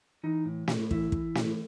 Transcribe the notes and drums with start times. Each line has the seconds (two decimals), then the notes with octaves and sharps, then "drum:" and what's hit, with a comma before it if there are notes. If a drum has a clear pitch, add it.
0.23 E3 D#4
0.45 A2
0.68 A2, drum: snare
0.91 E3 E4, drum: kick
1.12 E3, drum: kick
1.35 A2, drum: snare